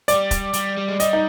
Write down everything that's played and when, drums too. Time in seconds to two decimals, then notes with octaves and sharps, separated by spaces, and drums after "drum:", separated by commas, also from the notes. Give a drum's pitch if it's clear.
0.08 G3 D5, drum: hi-hat
0.31 drum: kick, hi-hat
0.53 G3, drum: hi-hat
0.77 G3
0.88 G#3
1.00 G3 D#5, drum: hi-hat
1.13 D#4